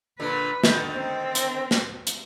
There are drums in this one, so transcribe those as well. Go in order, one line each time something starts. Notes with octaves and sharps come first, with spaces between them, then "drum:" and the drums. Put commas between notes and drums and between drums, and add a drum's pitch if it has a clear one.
A#2 D3 B4
D3 D#3, drum: snare
C4
drum: hi-hat
drum: snare
drum: hi-hat